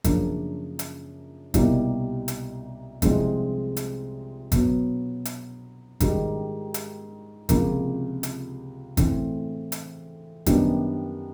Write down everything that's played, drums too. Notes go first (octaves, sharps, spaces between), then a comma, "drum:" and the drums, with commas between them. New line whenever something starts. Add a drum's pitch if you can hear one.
F#2 C#3 F3 A#3 D4, drum: kick G1, hi-hat
drum: hi-hat
C2 B2 G3 A#3 D#4, drum: kick G1, hi-hat
drum: hi-hat
C2 C3 F3 G#3 C4, drum: kick G1, hi-hat
drum: hi-hat
B2 F#3 B3, drum: kick G1, hi-hat
drum: hi-hat
G#2 D#3 G3, drum: kick G1, hi-hat
drum: hi-hat
C#2 C3 F3 A#3, drum: kick G1, hi-hat
drum: hi-hat
A2 E3 A3 C4, drum: kick G1, hi-hat
drum: hi-hat
F#2 D#3 G3 B3 D4, drum: kick G1, hi-hat